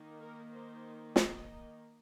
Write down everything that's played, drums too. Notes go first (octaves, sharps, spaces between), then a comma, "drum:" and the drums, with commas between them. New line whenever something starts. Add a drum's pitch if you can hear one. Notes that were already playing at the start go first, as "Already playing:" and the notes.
Already playing: D#3 A#3 D#4
A#4
C5
D#5, drum: snare